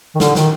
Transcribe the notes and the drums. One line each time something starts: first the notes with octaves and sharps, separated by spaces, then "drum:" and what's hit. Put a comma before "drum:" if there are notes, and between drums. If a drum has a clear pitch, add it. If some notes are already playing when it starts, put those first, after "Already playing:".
D#3
D3, drum: snare
D#3, drum: snare